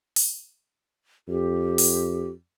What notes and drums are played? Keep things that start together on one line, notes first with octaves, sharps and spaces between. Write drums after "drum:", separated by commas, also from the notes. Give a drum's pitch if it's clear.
drum: open hi-hat
F2 G4
drum: open hi-hat